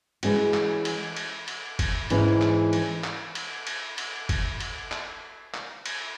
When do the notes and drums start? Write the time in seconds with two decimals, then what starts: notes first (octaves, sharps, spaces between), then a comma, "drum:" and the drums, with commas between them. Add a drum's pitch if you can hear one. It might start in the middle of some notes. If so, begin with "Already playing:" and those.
0.23 E3 G#3 C#4 F#4, drum: cymbal
0.54 drum: clap
0.85 drum: cymbal
1.16 drum: cymbal
1.48 drum: cymbal
1.79 drum: kick F#1, cymbal
2.10 G#2 E3 G#3 C#4 E4, drum: cymbal
2.42 drum: clap
2.73 drum: cymbal
3.04 drum: clap
3.35 drum: cymbal
3.67 drum: cymbal
3.98 drum: cymbal
4.29 drum: kick F#1, cymbal
4.60 drum: cymbal
4.92 drum: clap
5.54 drum: clap
5.86 drum: cymbal